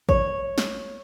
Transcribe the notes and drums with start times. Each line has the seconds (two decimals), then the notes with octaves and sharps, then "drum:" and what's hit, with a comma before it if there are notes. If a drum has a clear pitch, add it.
0.09 C#5, drum: kick A1
0.58 drum: snare